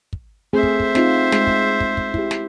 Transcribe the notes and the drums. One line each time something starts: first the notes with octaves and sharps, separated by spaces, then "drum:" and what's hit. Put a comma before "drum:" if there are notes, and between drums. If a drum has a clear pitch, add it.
drum: kick
A3 C4 G#4 C5 E5
drum: kick
drum: kick
C4 D#4 F4, drum: snare
G#3 G#4, drum: snare
drum: kick
drum: kick
drum: kick
E4 G4, drum: kick
drum: snare